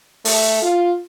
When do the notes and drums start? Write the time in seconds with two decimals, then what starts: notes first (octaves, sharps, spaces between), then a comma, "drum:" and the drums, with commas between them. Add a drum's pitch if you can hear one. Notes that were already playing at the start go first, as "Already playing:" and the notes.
0.25 A3, drum: open hi-hat
0.62 F4